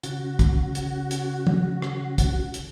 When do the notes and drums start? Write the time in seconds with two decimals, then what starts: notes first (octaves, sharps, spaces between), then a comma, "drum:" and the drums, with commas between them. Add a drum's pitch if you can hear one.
0.03 C#3 F#4, drum: hi-hat
0.39 drum: kick, hi-hat
0.75 drum: hi-hat
1.11 drum: hi-hat
1.47 drum: tom
1.82 drum: rim click
2.18 drum: kick, hi-hat
2.54 drum: hi-hat